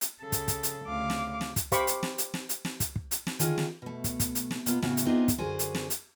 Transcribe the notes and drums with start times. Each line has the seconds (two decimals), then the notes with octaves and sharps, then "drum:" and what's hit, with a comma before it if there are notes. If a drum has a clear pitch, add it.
0.01 drum: hi-hat
0.21 C#3 A4
0.32 drum: kick, hi-hat
0.48 drum: kick, hi-hat
0.63 drum: hi-hat
0.86 D2 C#3 F5 D6
1.10 drum: snare
1.41 drum: snare
1.56 drum: kick, hi-hat
1.72 G4 C5 F5 B5 C#6 D6, drum: kick, hi-hat
1.87 drum: hi-hat
2.03 drum: snare
2.18 drum: hi-hat
2.34 drum: snare
2.49 drum: hi-hat
2.65 drum: snare
2.80 drum: kick, hi-hat
2.96 drum: kick
3.11 drum: hi-hat
3.27 drum: snare
3.39 D3 D#3 F4 G#4 C#5, drum: hi-hat
3.58 drum: snare
3.82 B2 A3
4.04 drum: kick, hi-hat
4.20 drum: kick, hi-hat
4.35 drum: hi-hat
4.51 drum: snare
4.66 B2 A#3 B3 F4, drum: hi-hat
4.82 A2 C#3 F#4, drum: snare
4.97 drum: hi-hat
5.06 B3 C4 D4 D#4 F4 G#4
5.28 drum: kick, hi-hat
5.38 F#2 D3 F#4 G#4 C5 G#5
5.59 drum: hi-hat
5.75 drum: snare
5.90 drum: hi-hat